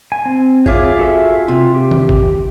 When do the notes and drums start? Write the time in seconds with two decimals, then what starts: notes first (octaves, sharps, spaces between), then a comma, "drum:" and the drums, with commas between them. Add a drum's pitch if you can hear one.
0.12 G#5
0.26 C4
0.66 F4 G#4 C#5 E5 D6, drum: kick G1
0.99 F#4 A4 E5
1.48 C3 F4
1.75 G4
1.91 drum: tom D#3
2.09 drum: kick G1